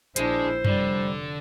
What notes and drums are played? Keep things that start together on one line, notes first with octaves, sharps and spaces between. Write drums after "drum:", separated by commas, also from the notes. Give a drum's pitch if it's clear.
A#1 G#3 D4 E4 C5, drum: hi-hat
F1 D3 G3, drum: tom F#2